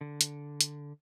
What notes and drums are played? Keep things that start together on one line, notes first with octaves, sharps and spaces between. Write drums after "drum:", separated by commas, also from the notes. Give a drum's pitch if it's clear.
D3
drum: hi-hat
drum: hi-hat